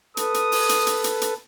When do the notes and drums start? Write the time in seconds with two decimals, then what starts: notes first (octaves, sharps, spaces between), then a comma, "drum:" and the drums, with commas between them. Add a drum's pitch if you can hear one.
0.17 A4 B4 D#6, drum: hi-hat
0.34 drum: hi-hat
0.52 drum: open hi-hat
0.69 drum: hi-hat
0.87 drum: hi-hat
1.04 drum: hi-hat
1.21 drum: hi-hat